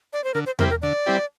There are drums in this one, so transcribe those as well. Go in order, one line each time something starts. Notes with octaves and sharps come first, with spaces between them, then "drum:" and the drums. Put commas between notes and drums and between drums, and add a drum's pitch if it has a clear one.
D5
C5
D3 A#4
C5
G3 C4 E4 G4 A#4, drum: tom E2
A#4
D3 D5
G3 C4 E4 G4